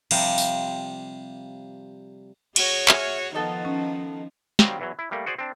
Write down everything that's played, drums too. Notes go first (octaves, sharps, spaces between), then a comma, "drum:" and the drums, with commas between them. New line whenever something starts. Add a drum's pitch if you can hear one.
C3 F3 G3 F4 A#4, drum: cymbal
drum: tambourine
F#4 G#4 C#5, drum: cymbal
E5 G#5 F6, drum: clap
D#3 F3 B3 D#4 A4 D#5
C#4
D#3 F#3 G3 A#3 C4, drum: snare
E2 E3 F#3
E4
G3 A3 A#3
F#4 G#4 C5 D5
C4 D4